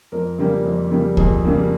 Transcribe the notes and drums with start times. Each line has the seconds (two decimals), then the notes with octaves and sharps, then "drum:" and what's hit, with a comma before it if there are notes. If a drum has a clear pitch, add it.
0.12 F2 A#4
0.38 C#3 G3 A#3
0.65 F2
0.91 C#3 G3 A#3
1.17 F2 G#4, drum: kick C#2
1.44 C#3 G3 A#3